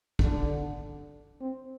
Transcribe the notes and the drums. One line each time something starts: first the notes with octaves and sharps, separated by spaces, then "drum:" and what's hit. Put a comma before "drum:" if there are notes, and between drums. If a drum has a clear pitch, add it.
D3, drum: kick
C4